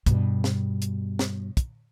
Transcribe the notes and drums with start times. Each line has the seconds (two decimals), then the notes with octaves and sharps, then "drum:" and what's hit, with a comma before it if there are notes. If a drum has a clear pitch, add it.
0.06 G2 B2, drum: kick, hi-hat
0.44 drum: snare
0.82 drum: hi-hat
1.19 drum: snare
1.57 drum: kick, hi-hat